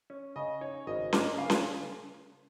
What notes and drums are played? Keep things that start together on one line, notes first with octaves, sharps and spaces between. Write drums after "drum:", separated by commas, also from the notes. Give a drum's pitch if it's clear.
C#4
C#3 D#5
D#4 C#5
G#1 D#5
A#3 D#5, drum: snare C#4
C#3 F5
drum: snare C#4